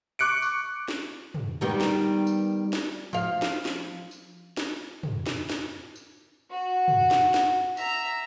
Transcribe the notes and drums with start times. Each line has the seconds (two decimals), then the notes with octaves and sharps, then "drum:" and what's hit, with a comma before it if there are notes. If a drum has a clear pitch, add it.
0.19 C#6 D6 F#6 C#7 D7
0.42 drum: tambourine
0.88 drum: snare
1.34 drum: tom
1.61 D#3 G3 B3
1.81 drum: snare
2.27 drum: tambourine
2.73 drum: snare
3.13 F3 F5
3.42 drum: snare
3.65 drum: snare
4.11 drum: tambourine
4.57 drum: snare
5.03 drum: tom
5.26 drum: snare
5.49 drum: snare
5.96 drum: tambourine
6.50 F#4
6.88 drum: tom
7.11 drum: snare
7.34 drum: snare
7.77 E5 A#5, drum: tambourine